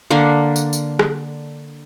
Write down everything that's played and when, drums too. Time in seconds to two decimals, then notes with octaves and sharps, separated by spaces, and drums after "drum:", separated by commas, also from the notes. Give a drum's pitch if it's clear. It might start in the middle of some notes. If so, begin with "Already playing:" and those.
0.10 D3 A#3 D4
0.56 drum: tambourine
0.73 drum: tambourine
0.99 drum: rim click